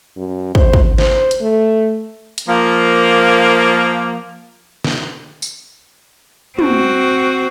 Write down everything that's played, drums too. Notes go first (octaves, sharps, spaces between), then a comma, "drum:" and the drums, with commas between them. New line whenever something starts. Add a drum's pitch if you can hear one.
F#2
C5, drum: kick
drum: kick
C5, drum: snare
drum: hi-hat
A3
drum: hi-hat
F3 A#3
drum: snare
drum: tambourine
C4 F#4, drum: tom